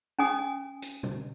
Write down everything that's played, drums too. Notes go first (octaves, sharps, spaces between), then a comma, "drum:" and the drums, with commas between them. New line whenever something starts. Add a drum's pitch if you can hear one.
C#4 G#5 D#6
drum: hi-hat
drum: tom B2